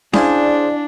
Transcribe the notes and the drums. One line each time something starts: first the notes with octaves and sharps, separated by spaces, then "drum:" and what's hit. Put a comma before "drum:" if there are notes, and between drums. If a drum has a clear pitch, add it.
D4 E4 G#4 C5 D5 F5 G#5, drum: snare C#4